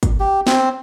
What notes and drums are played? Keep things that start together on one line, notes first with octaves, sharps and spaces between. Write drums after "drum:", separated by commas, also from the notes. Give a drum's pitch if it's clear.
drum: kick, hi-hat
G4
C4, drum: snare